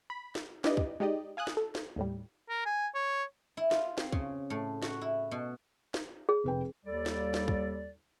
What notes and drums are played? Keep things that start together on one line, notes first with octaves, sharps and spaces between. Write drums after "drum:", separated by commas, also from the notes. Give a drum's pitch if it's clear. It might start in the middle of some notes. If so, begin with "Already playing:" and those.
B5
drum: snare
D4 E4 G4 B4 D5 D#5, drum: snare
drum: kick
G#3 D#4 G4 D5 D#5
F5 G#5 D#6 F#6
drum: snare
A4
drum: snare
D#2 A2 G3
A#4
G#5
C#5
E4
F4, drum: snare
C4, drum: snare
C#3, drum: kick
A2
F#4, drum: snare
E4
B2
drum: snare
G#4
F1 B4 G5
D#2 G3 A4 D5
drum: snare
drum: snare
drum: kick